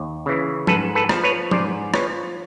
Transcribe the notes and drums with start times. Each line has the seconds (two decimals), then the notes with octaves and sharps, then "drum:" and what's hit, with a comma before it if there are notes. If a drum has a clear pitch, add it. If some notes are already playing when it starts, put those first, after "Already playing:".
Already playing: D#2
0.26 C#3 E3
0.67 G#2 A4 B4, drum: tom F3
0.95 A4 B4
1.09 F3, drum: rim click
1.23 B4 C#5
1.51 G#2 C5 D5, drum: tom F3
1.94 F3 B4 C#5, drum: rim click